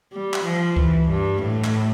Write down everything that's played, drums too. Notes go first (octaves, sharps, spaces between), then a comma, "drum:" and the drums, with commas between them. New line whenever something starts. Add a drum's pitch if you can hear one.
G3
drum: clap
F3
E3, drum: kick C#2
G2
A2
drum: clap